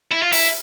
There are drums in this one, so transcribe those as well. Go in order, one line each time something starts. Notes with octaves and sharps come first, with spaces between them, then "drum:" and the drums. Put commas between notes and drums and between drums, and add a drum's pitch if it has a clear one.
E4
F4
E4, drum: open hi-hat